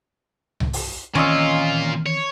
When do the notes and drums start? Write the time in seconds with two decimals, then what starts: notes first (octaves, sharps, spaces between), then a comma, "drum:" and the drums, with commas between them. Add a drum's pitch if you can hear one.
0.60 drum: tom C2
0.73 drum: open hi-hat
1.15 A#2 D#3 E3 C4 C#4 F4 D#5 E6
2.06 C#5